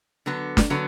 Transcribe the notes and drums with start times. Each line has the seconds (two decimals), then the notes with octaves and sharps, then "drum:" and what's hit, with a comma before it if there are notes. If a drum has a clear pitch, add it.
0.26 D3 F#3 B3
0.57 drum: snare
0.70 D3 F#3 B3